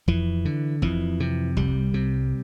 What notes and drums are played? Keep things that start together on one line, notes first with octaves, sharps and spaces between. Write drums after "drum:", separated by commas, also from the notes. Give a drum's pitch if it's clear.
F2 E3, drum: kick
D3
F2 E3, drum: kick
C3
C2 G3, drum: kick
C3